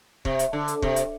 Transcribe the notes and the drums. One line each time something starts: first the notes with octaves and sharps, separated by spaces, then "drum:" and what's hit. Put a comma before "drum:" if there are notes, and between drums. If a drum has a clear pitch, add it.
C3, drum: kick
drum: hi-hat
D3
drum: hi-hat
C3, drum: kick
drum: hi-hat